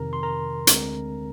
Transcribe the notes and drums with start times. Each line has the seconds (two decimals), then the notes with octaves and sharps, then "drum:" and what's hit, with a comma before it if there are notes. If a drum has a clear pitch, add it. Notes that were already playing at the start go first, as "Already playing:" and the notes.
Already playing: F2 C3 D#3 A#4 A#5
0.13 C6
0.23 A#4 A#5
0.67 D2 D3 G#3 C4, drum: hi-hat